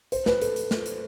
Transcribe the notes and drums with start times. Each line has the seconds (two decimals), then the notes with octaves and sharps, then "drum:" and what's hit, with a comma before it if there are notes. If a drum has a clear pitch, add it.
0.12 C5, drum: hi-hat
0.26 B4, drum: snare
0.42 A4, drum: hi-hat
0.56 drum: hi-hat
0.71 drum: snare
0.86 drum: hi-hat